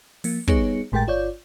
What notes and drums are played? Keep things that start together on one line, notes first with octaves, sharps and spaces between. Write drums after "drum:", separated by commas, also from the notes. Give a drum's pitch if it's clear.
F3 A#3, drum: open hi-hat
G3 B3 D#4 G#4 C#5 C#7, drum: kick
G#1 A2 G#3 A#4 G5 A6
G1 F4 C#5 D5 G6